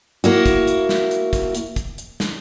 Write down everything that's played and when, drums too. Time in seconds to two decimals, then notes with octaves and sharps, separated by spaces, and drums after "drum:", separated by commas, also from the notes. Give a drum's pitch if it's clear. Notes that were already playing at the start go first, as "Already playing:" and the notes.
0.24 A#3 E4 F#4, drum: hi-hat
0.46 drum: kick, hi-hat
0.67 drum: hi-hat
0.89 drum: snare
1.11 drum: hi-hat
1.33 drum: kick, hi-hat
1.55 drum: hi-hat
1.76 drum: kick, hi-hat
1.98 drum: hi-hat
2.20 drum: snare